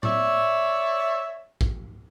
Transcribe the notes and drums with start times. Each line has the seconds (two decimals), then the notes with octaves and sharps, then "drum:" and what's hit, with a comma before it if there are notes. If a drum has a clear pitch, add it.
0.03 C#5 D5 E5, drum: tom A2
1.61 drum: kick